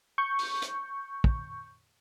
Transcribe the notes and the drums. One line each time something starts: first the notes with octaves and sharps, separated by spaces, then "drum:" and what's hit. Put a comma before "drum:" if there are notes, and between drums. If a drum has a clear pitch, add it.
C#6 G6
drum: open hi-hat
drum: hi-hat
drum: kick